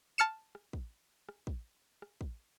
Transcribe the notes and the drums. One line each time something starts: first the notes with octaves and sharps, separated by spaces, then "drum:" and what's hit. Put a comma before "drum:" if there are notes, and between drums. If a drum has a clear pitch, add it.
A5 F6 C#7 E7
drum: rim click
drum: kick
drum: rim click
drum: kick
drum: rim click
drum: kick